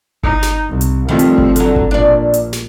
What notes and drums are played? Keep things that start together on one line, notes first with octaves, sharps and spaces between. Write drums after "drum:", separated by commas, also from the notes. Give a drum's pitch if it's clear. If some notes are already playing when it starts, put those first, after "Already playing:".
D#4, drum: kick G1
drum: snare
C2
drum: hi-hat
D#3 F3 G3 A3 C4
drum: hi-hat
drum: kick G1
D3 F#3, drum: hi-hat
drum: kick G1
A#1 D4 D5
drum: hi-hat
drum: snare